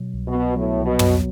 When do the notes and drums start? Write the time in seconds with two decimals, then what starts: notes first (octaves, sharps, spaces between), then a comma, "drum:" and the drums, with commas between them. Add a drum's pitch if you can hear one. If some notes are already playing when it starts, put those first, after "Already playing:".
Already playing: B2 F#3
0.14 C2
0.28 B2
0.35 B3
0.56 A2 F#3
0.78 C2
0.85 B2
0.99 F#3, drum: tom